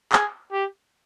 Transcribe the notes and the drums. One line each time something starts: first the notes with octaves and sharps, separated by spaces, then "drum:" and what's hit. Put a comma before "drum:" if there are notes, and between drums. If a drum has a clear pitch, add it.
G#4, drum: clap
G4